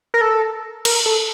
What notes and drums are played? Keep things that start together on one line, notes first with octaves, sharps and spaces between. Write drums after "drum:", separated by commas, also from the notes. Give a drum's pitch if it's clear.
A#4
A4
A#4, drum: cymbal
A4